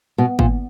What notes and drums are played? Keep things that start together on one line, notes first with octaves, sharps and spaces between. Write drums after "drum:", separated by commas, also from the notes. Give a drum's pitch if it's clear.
B2
A#2, drum: kick